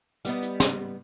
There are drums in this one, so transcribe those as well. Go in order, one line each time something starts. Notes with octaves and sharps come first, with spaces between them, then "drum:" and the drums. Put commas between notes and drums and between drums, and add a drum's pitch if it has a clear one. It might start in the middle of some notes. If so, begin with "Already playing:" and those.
G3 B3 D#4, drum: hi-hat
drum: hi-hat
drum: snare